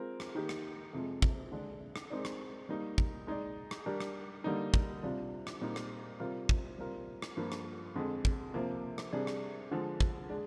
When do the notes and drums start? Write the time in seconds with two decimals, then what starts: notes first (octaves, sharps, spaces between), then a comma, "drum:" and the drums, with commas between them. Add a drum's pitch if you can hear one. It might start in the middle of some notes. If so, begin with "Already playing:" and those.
Already playing: G#3 C4 F4 A#4
0.20 drum: rim click
0.35 D#3 A#3 D#4 G4
0.49 drum: rim click
0.93 F2 C3 F3 G#3
1.22 drum: kick
1.51 D3 G#3 D4 G#4
1.96 drum: rim click
2.10 G#3 C4 D#4 A#4 D5
2.25 drum: rim click
2.69 G3 A#3 D#4
2.98 drum: kick
3.27 G#3 D#4 G#4 D5
3.71 drum: rim click
3.86 G3 D4 G4 A#4
4.00 drum: rim click
4.44 D3 G3 A#3 D#4
4.74 drum: kick
5.03 C3 G3 D4 F4
5.47 drum: rim click
5.61 A#2 G3 C4 D#4
5.76 drum: rim click
6.20 C3 G3 C4 F4 A#4
6.49 drum: kick
6.78 G3 C4 F4 A#4
7.22 drum: rim click
7.37 G2 F3 A#3 F4 A#4
7.52 drum: rim click
7.95 F2 D3 G#3
8.25 drum: kick
8.54 C3 F3 A#3
8.98 drum: rim click
9.13 C3 G3 D4 G#4
9.27 drum: rim click
9.71 D3 F3 G#3
10.00 drum: kick
10.30 G#3 D4 G#4 D5